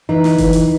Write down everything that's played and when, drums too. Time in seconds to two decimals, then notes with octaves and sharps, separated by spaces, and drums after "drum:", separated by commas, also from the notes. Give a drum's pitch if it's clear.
0.09 E3 D#4
0.24 drum: snare
0.38 E3, drum: kick F#1, hi-hat
0.53 drum: hi-hat